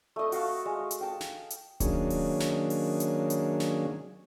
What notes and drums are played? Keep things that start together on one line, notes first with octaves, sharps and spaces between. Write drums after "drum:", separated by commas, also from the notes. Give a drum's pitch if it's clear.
A3 D#5
F#4 F5 A5, drum: open hi-hat
G#3
drum: hi-hat
G5 A5
drum: snare
drum: hi-hat
D#3 F#3 A#3 C#4 D4 G#4, drum: kick D1, hi-hat
drum: open hi-hat
drum: snare
drum: open hi-hat
drum: hi-hat
drum: hi-hat
drum: snare